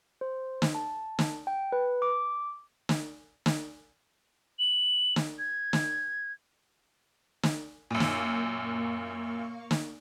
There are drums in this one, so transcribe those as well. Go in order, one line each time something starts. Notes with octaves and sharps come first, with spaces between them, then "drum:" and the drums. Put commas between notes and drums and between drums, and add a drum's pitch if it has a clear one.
C5
drum: snare
A5
drum: snare
G5
B4
D6
drum: snare
drum: snare
F#7
drum: snare
G#6
drum: snare
drum: snare
F#2 A#2 A#3 F5 C#6
drum: snare
drum: snare